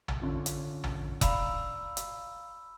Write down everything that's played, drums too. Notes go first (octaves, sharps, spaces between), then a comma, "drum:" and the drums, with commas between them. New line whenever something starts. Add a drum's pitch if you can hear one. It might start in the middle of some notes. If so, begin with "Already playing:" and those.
drum: tom
D3 C#4 F4
drum: hi-hat
drum: tom
D5 F5 A#5 B5 E6, drum: kick F1, hi-hat
drum: hi-hat